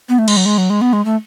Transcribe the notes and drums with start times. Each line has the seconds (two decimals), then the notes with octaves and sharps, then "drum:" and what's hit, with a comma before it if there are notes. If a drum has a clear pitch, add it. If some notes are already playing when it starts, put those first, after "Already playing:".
0.09 B3
0.19 A3
0.28 G#3, drum: cymbal
0.37 F#3
0.46 G#3
0.58 F#3
0.70 G#3
0.81 B3
0.93 G#3
1.05 A3